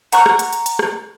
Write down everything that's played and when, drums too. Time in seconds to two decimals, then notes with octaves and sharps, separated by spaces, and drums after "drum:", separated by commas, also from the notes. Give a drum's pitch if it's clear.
0.12 F#5 A#5 C#6 F#6, drum: hi-hat
0.26 drum: rim click
0.39 drum: hi-hat
0.53 drum: hi-hat
0.66 drum: hi-hat
0.79 drum: rim click